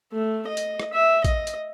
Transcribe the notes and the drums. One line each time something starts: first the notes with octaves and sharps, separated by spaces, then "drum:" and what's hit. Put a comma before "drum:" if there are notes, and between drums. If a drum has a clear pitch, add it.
A3
D#5
drum: hi-hat
drum: rim click
E5
D#5, drum: kick, hi-hat
drum: hi-hat